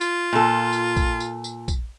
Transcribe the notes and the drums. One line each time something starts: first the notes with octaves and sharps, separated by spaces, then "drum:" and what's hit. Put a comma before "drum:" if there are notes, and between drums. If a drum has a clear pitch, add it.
F4, drum: tambourine
A#2 A4
drum: tambourine
drum: kick, tambourine
drum: tambourine
drum: tambourine
drum: kick, tambourine